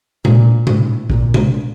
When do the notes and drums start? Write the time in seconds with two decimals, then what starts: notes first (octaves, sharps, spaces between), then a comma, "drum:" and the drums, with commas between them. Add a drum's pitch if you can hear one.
0.25 A#2, drum: tom C3
0.67 A2, drum: tom C3
1.10 A#2, drum: kick A#1
1.34 drum: tom C3